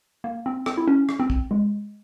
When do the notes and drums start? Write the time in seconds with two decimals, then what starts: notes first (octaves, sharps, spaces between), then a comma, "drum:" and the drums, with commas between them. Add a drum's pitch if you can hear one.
0.24 A#3
0.46 C4
0.66 C4, drum: rim click
0.77 E4
0.88 C#4
1.09 drum: rim click
1.20 C4
1.30 drum: kick
1.51 G#3